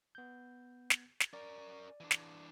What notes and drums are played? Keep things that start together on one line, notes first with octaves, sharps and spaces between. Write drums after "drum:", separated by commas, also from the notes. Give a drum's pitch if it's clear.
B3 G6
drum: snare
drum: snare
C#4 A#4 D5
E3 D4
drum: snare